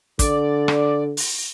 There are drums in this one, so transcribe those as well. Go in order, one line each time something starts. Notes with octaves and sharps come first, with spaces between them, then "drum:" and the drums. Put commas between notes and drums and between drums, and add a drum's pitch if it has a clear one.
D3 D5, drum: kick, hi-hat
drum: rim click
drum: open hi-hat